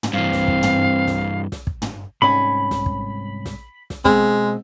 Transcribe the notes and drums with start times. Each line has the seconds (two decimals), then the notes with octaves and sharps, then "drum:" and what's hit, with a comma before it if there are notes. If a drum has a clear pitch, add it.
0.03 drum: tom
0.14 G2 E3 C4 F5
0.33 drum: snare
0.48 drum: kick
0.63 drum: tom
1.07 drum: snare
1.52 drum: snare
1.67 drum: kick
1.82 drum: tom
2.22 C2 G#2 C#4 B5
2.71 drum: snare
2.86 drum: kick
3.45 drum: snare
3.90 drum: snare
4.05 B2 G#3 C4, drum: kick